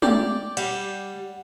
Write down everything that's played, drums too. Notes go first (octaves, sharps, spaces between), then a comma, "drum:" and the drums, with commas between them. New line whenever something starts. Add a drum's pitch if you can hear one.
G4 D5, drum: tom
G3 F#5, drum: cymbal